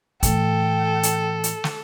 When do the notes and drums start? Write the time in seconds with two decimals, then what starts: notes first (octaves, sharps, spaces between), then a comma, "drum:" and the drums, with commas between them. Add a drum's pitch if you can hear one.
0.23 A2 E3 A4 G5, drum: kick, hi-hat
1.03 drum: hi-hat
1.44 drum: hi-hat
1.64 drum: snare